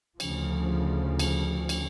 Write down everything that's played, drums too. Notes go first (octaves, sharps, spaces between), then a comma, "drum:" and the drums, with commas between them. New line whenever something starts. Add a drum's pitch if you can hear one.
D2 C#3 F3, drum: cymbal
drum: cymbal
drum: cymbal